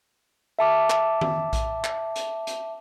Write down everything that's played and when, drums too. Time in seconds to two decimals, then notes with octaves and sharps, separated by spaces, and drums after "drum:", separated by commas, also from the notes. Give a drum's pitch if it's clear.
0.59 E5 A5 D6
0.90 drum: clap
1.21 drum: tom D#3
1.53 drum: kick A#1, hi-hat
1.84 drum: clap
2.16 drum: hi-hat
2.47 drum: hi-hat